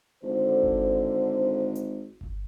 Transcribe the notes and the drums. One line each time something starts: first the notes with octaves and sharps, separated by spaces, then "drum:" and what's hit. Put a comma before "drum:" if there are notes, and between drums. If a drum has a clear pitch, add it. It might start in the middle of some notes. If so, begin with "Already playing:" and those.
G#1 D3 C5
drum: kick G1
drum: hi-hat
drum: kick G1